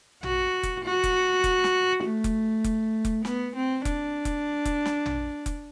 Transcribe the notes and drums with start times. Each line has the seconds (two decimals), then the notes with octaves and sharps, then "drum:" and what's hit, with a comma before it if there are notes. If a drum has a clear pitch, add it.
0.23 F#4, drum: tom
0.63 drum: kick F1, hi-hat
0.84 F#4
1.04 drum: kick F1, hi-hat
1.44 drum: kick F1, hi-hat
1.64 drum: snare
2.04 A3
2.24 drum: kick F1, hi-hat
2.64 drum: kick F1, hi-hat
3.05 drum: kick F1, hi-hat
3.25 B3, drum: snare
3.55 C4
3.85 D4, drum: kick F1, hi-hat
4.25 drum: kick F1, hi-hat
4.65 drum: kick F1, hi-hat
4.86 drum: snare
5.06 drum: tom
5.46 drum: kick F1, hi-hat